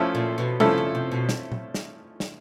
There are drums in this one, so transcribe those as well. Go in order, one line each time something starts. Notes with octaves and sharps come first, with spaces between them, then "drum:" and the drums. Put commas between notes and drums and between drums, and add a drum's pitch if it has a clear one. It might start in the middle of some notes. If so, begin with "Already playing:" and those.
Already playing: F3 A3 C#4 E4 A4
A#2
B2
C3 F3 A3 C#4 E4 A4, drum: tom
C#3
C3
B2
drum: snare
drum: tom A#2
drum: snare
drum: snare